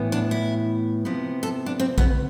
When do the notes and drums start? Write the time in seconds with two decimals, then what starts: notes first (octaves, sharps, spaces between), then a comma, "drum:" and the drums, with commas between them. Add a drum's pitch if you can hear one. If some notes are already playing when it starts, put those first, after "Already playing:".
Already playing: A2 E3 B3
0.12 D4
0.31 E4
1.05 C3 F3 B3
1.43 A4
1.66 D4
1.80 C4
1.98 B3, drum: kick A#1